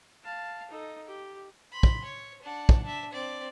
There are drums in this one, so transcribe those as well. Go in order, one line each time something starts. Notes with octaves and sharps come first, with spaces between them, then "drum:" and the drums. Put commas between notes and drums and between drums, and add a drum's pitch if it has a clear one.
F5 A5
D#4 A4
G4
B5 C6
drum: kick
C#5
D4 F#5
drum: kick
D4 E5
C4 D5